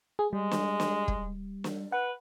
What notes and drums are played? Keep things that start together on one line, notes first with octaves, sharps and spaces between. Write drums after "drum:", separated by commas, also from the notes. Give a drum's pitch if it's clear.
G#4
G3 G#3
drum: snare
drum: snare
drum: kick
drum: snare
B4 F#5